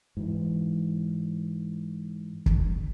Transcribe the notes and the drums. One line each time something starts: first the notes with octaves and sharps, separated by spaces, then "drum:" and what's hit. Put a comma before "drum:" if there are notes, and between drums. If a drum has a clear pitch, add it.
G#2 E3
drum: kick